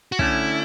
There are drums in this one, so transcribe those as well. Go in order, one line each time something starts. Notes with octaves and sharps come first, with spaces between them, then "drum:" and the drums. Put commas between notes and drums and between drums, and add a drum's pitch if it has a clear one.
F#4
D3 A3 C#4 E4, drum: kick